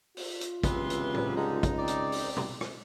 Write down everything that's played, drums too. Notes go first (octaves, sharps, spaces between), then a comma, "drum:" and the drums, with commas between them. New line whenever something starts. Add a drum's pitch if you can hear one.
F4, drum: open hi-hat
drum: hi-hat
C#2 C3 E3 B3 C6, drum: kick, hi-hat
drum: hi-hat
drum: tom A2
D3 G3 G#3 D#4
drum: kick, hi-hat
C4 D5
drum: hi-hat
drum: open hi-hat
drum: tom
drum: rim click